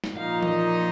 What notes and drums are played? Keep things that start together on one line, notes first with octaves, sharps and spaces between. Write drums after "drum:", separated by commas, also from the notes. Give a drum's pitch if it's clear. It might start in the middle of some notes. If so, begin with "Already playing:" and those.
drum: snare
A#2 F3 A#3 D#4 F5
D#5, drum: tom E3